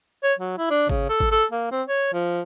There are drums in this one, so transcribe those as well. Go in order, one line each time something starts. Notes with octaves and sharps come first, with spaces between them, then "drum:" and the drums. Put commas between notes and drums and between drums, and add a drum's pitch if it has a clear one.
C#5
F#3
E4
D4
C#3, drum: kick G#1
A4
drum: kick G#1
A4
A#3
C4
C#5
F3